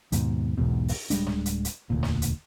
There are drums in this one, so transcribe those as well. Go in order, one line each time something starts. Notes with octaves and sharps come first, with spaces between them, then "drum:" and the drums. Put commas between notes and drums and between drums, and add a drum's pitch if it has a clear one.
D#2 G#2 B2, drum: hi-hat
B1 E2 G#2 B2
drum: open hi-hat
D1 G3 G#3 D4, drum: hi-hat
drum: snare
drum: hi-hat
drum: hi-hat
E1 D2 A#2
drum: snare
drum: hi-hat